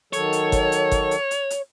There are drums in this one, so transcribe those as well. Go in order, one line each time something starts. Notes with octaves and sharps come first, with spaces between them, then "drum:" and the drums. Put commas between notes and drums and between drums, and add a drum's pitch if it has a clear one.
D#3 F#3 A4 C#5, drum: hi-hat
drum: hi-hat
drum: kick G1, hi-hat
drum: hi-hat
drum: kick G1, hi-hat
drum: hi-hat
drum: hi-hat
drum: hi-hat